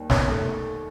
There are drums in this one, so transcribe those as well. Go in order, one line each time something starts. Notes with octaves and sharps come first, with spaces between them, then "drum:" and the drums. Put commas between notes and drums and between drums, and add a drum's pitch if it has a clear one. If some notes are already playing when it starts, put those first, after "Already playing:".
Already playing: D#2 D#3 G3
B3 C#4, drum: snare
A3